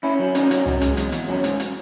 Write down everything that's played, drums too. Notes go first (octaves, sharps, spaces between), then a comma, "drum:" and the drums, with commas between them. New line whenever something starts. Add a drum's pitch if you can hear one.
C#4 E4
F#3
C#4 D#4, drum: hi-hat
F#3, drum: hi-hat
C#4, drum: tom
G#3, drum: hi-hat
E2, drum: hi-hat
E2, drum: hi-hat
F#3 C#4
G#2, drum: hi-hat
drum: hi-hat